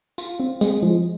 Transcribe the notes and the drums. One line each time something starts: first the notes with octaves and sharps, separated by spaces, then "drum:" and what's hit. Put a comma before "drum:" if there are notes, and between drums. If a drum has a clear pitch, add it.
F4, drum: tambourine
C4
G#3, drum: tambourine
F3